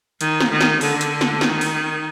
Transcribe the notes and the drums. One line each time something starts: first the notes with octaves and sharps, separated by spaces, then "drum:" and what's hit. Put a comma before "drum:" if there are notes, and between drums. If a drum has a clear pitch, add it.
D#3, drum: hi-hat
drum: snare
D#3
drum: snare
D3, drum: open hi-hat
drum: hi-hat
drum: snare
D#3, drum: snare
drum: open hi-hat